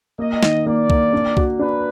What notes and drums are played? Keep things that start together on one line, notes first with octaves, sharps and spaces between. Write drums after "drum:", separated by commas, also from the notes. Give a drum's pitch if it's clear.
A#3 D#5
D#3, drum: snare
A#3 D5
A#3, drum: kick C2
D4
F#4, drum: kick C2
D4 B4